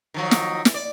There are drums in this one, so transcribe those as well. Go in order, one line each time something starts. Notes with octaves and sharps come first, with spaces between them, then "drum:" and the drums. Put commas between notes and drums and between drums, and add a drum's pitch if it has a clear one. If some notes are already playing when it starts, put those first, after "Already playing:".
D#3 F3 F#3
drum: snare
drum: snare
D5